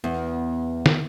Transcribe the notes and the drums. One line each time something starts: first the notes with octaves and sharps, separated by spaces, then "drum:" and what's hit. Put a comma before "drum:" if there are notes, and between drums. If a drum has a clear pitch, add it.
E2 B3
drum: snare